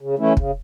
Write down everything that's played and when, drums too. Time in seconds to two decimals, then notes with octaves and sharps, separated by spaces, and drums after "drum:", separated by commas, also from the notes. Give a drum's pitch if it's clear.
0.01 C#3
0.18 E3 A3 C#4 E4
0.37 C#3, drum: kick